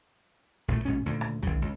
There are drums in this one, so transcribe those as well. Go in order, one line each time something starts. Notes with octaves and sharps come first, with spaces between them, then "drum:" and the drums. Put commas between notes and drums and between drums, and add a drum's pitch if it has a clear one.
A#1 A2 C3 A3
A#1 G#2 B2 C#4
D2 A#2 C#3
drum: rim click
G#1 C#3, drum: tom
C#2